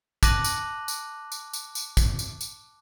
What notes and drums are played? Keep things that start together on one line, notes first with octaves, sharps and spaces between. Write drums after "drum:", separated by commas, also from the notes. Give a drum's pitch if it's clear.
A5 D6 F#6 A#6 D#7 F#7, drum: kick, tambourine
drum: tambourine
drum: tambourine
drum: tambourine
drum: tambourine
drum: tambourine
drum: kick, tambourine
drum: tambourine
drum: tambourine